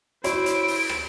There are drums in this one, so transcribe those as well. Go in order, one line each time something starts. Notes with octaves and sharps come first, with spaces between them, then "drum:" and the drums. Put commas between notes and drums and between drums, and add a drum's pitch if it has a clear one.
E4 F#4 C5 C#5 D7, drum: hi-hat
drum: hi-hat
drum: open hi-hat
drum: rim click